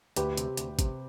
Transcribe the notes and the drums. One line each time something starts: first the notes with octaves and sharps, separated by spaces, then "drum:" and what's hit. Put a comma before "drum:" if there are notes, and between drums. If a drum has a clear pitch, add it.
D2 G4 B4, drum: hi-hat
C3, drum: hi-hat
D2, drum: hi-hat
C3, drum: kick, hi-hat